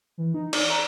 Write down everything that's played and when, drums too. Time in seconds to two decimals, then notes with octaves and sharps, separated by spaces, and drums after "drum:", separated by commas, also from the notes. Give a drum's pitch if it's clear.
0.18 E3
0.34 D#4
0.53 D5, drum: cymbal
0.70 A#5